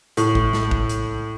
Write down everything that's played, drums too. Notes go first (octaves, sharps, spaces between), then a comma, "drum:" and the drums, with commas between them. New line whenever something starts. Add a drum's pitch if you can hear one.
A2, drum: hi-hat
drum: kick G#1
drum: snare
drum: kick G#1
drum: hi-hat